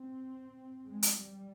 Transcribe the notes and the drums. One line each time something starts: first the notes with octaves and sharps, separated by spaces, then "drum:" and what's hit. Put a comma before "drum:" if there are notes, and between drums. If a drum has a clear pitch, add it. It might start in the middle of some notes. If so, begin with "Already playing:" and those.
Already playing: C4
G#3
drum: hi-hat
G3